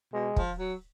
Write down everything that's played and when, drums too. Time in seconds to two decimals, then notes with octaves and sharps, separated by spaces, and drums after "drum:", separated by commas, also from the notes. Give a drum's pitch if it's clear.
0.13 B2 G#3
0.36 F3, drum: kick
0.58 F#3